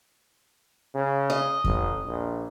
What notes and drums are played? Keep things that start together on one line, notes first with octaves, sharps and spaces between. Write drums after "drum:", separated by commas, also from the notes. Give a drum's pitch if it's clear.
C#3
D#5
A1, drum: kick E2
A#1